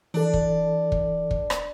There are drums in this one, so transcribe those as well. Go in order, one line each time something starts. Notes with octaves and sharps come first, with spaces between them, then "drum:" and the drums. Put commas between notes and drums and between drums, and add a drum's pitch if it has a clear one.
E3 D4 A4
drum: kick
drum: kick
drum: kick
drum: rim click